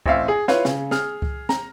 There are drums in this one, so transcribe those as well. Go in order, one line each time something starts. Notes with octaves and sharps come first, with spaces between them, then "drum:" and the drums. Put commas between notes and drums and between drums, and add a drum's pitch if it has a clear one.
A1 C4 E5 F5, drum: kick C#2
G#4
E4 F4 B4 C#5 F5, drum: snare
C#3, drum: snare
G#4 F6, drum: snare
drum: kick C#2
A#5, drum: snare